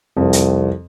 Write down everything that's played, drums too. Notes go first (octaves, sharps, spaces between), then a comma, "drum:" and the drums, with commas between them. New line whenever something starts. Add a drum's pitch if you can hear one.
C2 F2
drum: hi-hat